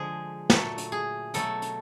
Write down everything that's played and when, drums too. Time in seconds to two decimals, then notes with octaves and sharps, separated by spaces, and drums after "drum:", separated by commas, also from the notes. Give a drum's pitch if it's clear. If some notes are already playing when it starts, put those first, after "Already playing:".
Already playing: D3 F3 G#3 G#4
0.50 A#2 F#3 A3 A4, drum: snare
0.78 drum: hi-hat
0.92 G#4
1.34 B2 F#3 A3 A4, drum: hi-hat
1.62 drum: hi-hat